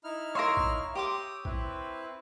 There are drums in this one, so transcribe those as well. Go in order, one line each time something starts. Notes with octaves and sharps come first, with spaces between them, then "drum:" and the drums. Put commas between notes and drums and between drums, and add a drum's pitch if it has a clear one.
D#4 E4 F6
A#4 C#5 E5 F5 A#5 C6
drum: kick A#1
G4 C6 D6 D#6
C4 E4 B4, drum: kick A#1